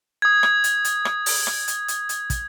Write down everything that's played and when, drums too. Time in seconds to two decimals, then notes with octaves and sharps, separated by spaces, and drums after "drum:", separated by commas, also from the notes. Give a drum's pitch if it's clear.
0.22 D#6 G#6
0.43 drum: rim click
0.64 drum: hi-hat
0.85 drum: hi-hat
1.05 drum: rim click
1.26 drum: open hi-hat
1.47 drum: rim click
1.68 drum: hi-hat
1.88 drum: hi-hat
2.09 drum: hi-hat
2.30 drum: kick, hi-hat